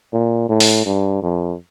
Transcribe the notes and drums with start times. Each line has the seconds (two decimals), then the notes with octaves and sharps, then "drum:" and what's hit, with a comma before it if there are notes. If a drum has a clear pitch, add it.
0.13 A#2
0.49 A2
0.60 drum: open hi-hat
0.86 G2
1.23 F2